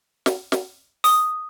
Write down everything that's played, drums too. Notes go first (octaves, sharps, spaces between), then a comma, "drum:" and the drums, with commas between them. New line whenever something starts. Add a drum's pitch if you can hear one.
drum: snare
drum: snare
D#6, drum: open hi-hat